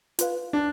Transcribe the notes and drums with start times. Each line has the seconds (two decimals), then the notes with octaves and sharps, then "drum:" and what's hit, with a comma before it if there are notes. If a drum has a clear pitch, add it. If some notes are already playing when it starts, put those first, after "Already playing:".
0.19 F4 B4 F5, drum: hi-hat
0.53 D4